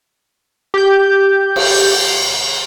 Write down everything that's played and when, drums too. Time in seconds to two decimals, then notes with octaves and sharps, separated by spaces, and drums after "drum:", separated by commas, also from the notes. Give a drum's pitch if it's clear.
0.74 G4 G6
1.56 drum: cymbal